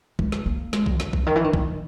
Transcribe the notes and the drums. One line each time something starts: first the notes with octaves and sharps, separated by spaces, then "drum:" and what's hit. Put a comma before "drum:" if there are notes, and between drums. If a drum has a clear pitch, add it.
G#3, drum: kick A#1
drum: snare
A#3
G#3, drum: snare
drum: kick A#1
C#3, drum: snare
drum: kick A#1
D#3
E3
D#3
E3, drum: kick A#1